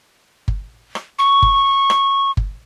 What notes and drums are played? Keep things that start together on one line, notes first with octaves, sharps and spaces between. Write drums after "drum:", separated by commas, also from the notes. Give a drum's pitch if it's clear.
drum: kick G1
drum: rim click
C#6
drum: kick G1
drum: rim click
drum: kick G1